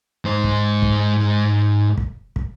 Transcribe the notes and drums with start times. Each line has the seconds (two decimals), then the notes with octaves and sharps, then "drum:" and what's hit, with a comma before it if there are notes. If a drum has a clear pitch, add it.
0.25 G#2 C5
0.44 drum: kick
0.82 drum: kick
1.98 drum: kick
2.36 drum: kick